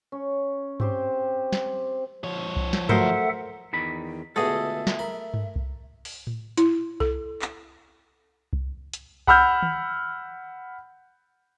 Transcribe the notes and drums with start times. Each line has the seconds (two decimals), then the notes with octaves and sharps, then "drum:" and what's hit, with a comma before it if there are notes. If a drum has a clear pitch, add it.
0.12 C#4
0.80 C4 G4 C5, drum: tom G2
1.52 drum: snare
2.24 F3 C#5
2.56 drum: kick C2
2.73 drum: snare
2.89 F#3 A3 F#4 A4 A#4 C5 E5 F#5, drum: tom G2
3.73 E2 D#3 B5
4.36 C#2 B2 D3 A3 G#4 A4 D#5 E5
4.87 drum: snare
4.99 A#4 B5
5.34 drum: tom G2
5.56 drum: kick C2
6.05 drum: open hi-hat
6.27 drum: tom A2
6.58 E4, drum: hi-hat
7.00 A4, drum: kick C2
7.42 drum: clap
8.53 drum: kick C2
8.93 drum: hi-hat
9.27 F#5 B5 E6 F6 G6, drum: kick C2
9.62 drum: tom D#3